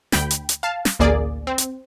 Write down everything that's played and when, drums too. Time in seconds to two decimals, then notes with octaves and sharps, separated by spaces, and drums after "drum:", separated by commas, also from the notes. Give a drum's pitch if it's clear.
0.12 D2 G5 B5, drum: snare
0.31 drum: hi-hat
0.49 drum: hi-hat
0.63 F5 A5
0.85 drum: snare
0.99 A1 D2 A#3 G#4 D5
1.47 C4
1.58 drum: hi-hat